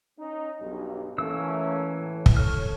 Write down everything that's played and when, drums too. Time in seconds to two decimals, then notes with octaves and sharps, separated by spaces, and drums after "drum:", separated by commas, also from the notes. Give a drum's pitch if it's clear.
0.19 C#4 D#4
0.62 B1 G2 G3
1.18 E3 A3 A#3 C#4 E6
1.97 A2
2.26 drum: kick
2.37 A4 C#5 F6